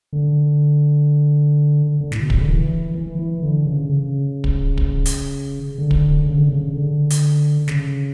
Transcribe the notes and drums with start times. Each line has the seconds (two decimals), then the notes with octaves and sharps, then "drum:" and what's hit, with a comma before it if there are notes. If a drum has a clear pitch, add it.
0.13 D3
2.01 D3
2.12 A2, drum: snare
2.20 B2
2.30 C#3, drum: kick
2.38 D3
2.48 E3
2.95 E3
3.19 E3
3.42 D3
3.65 C#3
3.89 C#3
4.44 drum: kick
4.78 drum: kick
5.06 drum: hi-hat
5.78 D3
5.91 drum: kick
6.26 C#3
6.37 D3
6.49 C#3
6.73 D3
7.10 drum: hi-hat
7.68 C#3, drum: snare